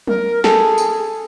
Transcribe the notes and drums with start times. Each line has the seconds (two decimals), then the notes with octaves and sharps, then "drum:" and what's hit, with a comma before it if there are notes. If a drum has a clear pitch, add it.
0.07 A#4, drum: tom
0.44 G#4 A4, drum: snare
0.78 drum: tambourine